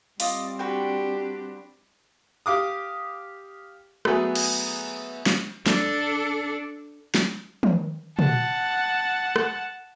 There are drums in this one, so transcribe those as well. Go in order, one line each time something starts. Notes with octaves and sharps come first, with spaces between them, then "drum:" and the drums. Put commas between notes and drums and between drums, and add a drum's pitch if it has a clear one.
G3 C4 F4 D5 D#5, drum: open hi-hat
D4 F#4 G4 B4 G5
G4 F5 D6 D#6
F#3 A3 B3 G#4, drum: rim click
drum: cymbal
drum: snare
D4 A4, drum: snare
drum: snare
drum: tom
F#5 A5, drum: tom
drum: rim click